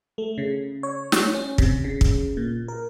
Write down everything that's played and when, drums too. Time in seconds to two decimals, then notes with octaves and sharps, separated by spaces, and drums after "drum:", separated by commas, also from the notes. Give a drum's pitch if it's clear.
0.18 A3
0.38 C#3
0.83 C#5
1.12 drum: snare
1.34 C#4
1.58 C3, drum: kick
1.84 C#3
2.01 drum: kick
2.37 A#2
2.68 A#4